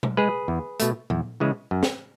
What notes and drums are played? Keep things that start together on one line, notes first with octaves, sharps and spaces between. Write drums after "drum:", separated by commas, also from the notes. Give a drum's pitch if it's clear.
drum: tom B2
G#3 G#4 B4
E2
B2 A3, drum: hi-hat
E2, drum: tom A#2
C#3 E3 G#3
F#2
drum: snare